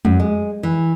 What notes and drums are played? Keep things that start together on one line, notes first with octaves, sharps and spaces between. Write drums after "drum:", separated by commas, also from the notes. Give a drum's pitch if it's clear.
F#2, drum: tom G#3
G#3
E3